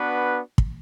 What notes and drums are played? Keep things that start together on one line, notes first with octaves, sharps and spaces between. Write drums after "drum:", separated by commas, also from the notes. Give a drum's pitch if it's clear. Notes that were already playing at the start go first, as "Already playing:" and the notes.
Already playing: B3 D4 F#4 B4
drum: kick